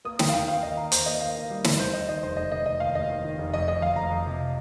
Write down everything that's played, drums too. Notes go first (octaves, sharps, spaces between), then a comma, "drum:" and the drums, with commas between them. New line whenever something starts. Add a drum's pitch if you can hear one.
A#3 D#6
D#3 G5, drum: snare
F5
D#2 G5
A#3 F5
D#2 D#5
D#3 A#5
D#2 C5, drum: hi-hat
A#3 D#5
D#3 F5
A#3
G3
G3, drum: snare
D#2 C5
D#2 D#5
D#3 D#5
F1 C5
F1 D#5
F1 D#5
F1 D#5
D#2 F5
D#2 D#5
D#3
D#3
F1
F2 D#5
F2 D#5
F2 F5
F2 A#5
F2
C3